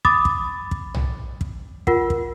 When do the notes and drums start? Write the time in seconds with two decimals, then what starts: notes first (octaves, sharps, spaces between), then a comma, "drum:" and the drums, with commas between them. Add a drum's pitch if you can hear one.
0.05 B5 D6 D#6 A6, drum: kick
0.25 drum: kick
0.71 drum: kick
0.94 drum: tom
1.41 drum: kick
1.87 F4 A#4 F#5, drum: kick
2.10 drum: kick